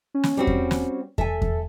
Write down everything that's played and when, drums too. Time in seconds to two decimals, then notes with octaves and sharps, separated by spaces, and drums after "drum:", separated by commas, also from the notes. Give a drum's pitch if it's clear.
0.14 C#4
0.24 drum: snare
0.37 G3 C4 F#4
0.47 drum: kick E2
0.71 drum: snare
1.18 A4 E5 G#5, drum: kick E2
1.42 drum: kick E2